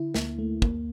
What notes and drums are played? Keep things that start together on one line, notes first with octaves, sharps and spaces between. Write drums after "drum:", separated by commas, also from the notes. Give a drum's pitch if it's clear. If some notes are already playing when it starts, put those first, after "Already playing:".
Already playing: D3 E4
D2 A#3, drum: snare
A3
D2 A#3, drum: kick